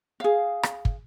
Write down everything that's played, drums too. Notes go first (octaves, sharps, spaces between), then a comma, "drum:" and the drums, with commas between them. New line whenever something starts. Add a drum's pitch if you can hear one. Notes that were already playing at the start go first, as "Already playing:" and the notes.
G#4 F5
drum: rim click
drum: kick